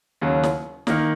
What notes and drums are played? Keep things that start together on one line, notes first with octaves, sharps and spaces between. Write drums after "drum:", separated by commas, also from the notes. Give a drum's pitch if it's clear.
D#2 C#3 F#3
drum: snare
D#3 A#3, drum: snare